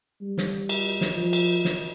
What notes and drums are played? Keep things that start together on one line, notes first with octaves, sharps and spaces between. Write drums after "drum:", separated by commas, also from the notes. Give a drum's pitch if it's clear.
G3
drum: snare
drum: cymbal
drum: snare
F3
drum: cymbal
drum: snare